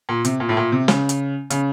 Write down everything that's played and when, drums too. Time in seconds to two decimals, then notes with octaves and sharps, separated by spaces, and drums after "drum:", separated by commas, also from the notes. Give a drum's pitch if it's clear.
0.09 A#2
0.25 C3, drum: hi-hat
0.40 A#2
0.49 A2
0.57 A#2
0.72 C3
0.88 C#3, drum: snare
1.09 drum: hi-hat
1.50 C#3, drum: hi-hat